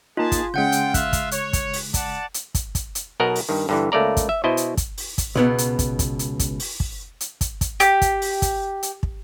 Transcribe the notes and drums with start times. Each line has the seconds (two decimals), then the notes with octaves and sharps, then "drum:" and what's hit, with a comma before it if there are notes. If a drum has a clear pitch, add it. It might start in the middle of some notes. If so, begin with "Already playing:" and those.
0.17 A#3 D#4 F4 G#4 A5
0.32 drum: kick, hi-hat
0.54 C#3 G#3 C#4 F4 F#5 G5 G6
0.72 drum: hi-hat
0.94 F4 E5 F5 F#6, drum: kick, hi-hat
1.13 drum: kick, hi-hat
1.31 C#5, drum: hi-hat
1.53 drum: kick, hi-hat
1.74 drum: open hi-hat
1.94 D5 F#5 A5, drum: kick, hi-hat
2.34 drum: hi-hat
2.55 drum: kick, hi-hat
2.75 drum: kick, hi-hat
2.95 drum: hi-hat
3.20 B1 B2 A#4 D#5 F#5
3.36 drum: open hi-hat
3.49 G2 D#3
3.69 G2 D3 E3
3.92 C#2 A3 A#3 D5 A#5
4.17 drum: kick, hi-hat
4.29 E5
4.44 B2 E4 C5 D#5
4.57 drum: hi-hat
4.77 drum: kick, hi-hat
4.98 drum: open hi-hat
5.18 drum: kick, hi-hat
5.35 C#2 B2 B3
5.58 drum: hi-hat
5.79 drum: kick, hi-hat
5.99 drum: kick, hi-hat
6.19 drum: hi-hat
6.39 drum: kick, hi-hat
6.60 drum: open hi-hat
6.80 drum: kick
7.21 drum: hi-hat
7.41 drum: kick, hi-hat
7.61 drum: kick, hi-hat
7.80 G4, drum: hi-hat
8.02 drum: kick, hi-hat
8.22 drum: open hi-hat
8.42 drum: kick, hi-hat
8.83 drum: hi-hat
9.03 drum: kick